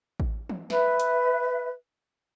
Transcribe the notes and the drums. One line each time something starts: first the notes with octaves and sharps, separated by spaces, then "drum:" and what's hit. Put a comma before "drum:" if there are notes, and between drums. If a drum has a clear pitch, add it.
drum: kick A1
drum: tom E3
B4 E5, drum: snare
drum: hi-hat